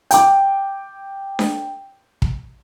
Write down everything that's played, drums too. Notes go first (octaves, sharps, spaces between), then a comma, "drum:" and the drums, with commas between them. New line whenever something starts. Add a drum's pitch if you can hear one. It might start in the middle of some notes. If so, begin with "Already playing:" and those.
G5 D6, drum: hi-hat
drum: snare D4
drum: kick